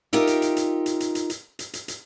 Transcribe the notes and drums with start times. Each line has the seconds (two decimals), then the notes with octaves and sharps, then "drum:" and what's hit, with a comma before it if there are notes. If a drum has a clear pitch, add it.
0.13 D#4 F4 G4 A#4 E5, drum: hi-hat
0.27 drum: hi-hat
0.42 drum: hi-hat
0.57 drum: hi-hat
0.86 drum: hi-hat
1.00 drum: hi-hat
1.15 drum: hi-hat
1.30 drum: hi-hat
1.59 drum: hi-hat
1.73 drum: hi-hat
1.88 drum: hi-hat